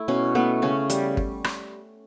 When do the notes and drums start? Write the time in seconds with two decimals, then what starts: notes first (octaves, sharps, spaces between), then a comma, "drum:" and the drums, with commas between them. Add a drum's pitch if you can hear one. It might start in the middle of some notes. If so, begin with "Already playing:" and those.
Already playing: A3 E4
0.08 B2 C#4
0.35 A3 B3
0.62 C#3 C#4
0.90 G3, drum: hi-hat
1.17 drum: kick
1.44 drum: rim click